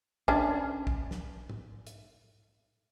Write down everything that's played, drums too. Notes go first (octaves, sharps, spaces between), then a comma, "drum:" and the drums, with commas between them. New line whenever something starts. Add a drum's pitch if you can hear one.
C#4 D4, drum: kick
drum: kick
drum: snare
drum: tom
drum: hi-hat